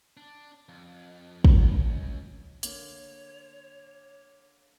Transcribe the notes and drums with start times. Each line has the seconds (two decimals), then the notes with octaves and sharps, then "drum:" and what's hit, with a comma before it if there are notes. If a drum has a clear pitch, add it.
0.17 D4
0.69 F2
1.44 drum: kick
1.56 C#2
2.63 D3 A#3 C#5, drum: hi-hat